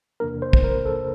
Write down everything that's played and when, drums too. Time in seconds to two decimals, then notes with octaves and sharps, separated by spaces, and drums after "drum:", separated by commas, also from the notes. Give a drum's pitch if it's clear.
0.20 E2 C3 E3 A#3 D4 A#4
0.42 C5
0.53 drum: kick
0.64 A#4
0.85 A4